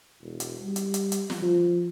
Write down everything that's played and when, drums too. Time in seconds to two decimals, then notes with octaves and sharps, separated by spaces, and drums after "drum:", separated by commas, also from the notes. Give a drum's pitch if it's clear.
0.22 E1
0.40 drum: hi-hat
0.62 G3
0.76 drum: hi-hat
0.94 drum: hi-hat
1.12 drum: hi-hat
1.30 drum: snare
1.42 F3